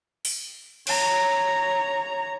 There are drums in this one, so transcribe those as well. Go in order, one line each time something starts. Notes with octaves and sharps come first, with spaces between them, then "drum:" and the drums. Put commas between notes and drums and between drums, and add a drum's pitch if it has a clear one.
drum: open hi-hat
C#5 A#5, drum: cymbal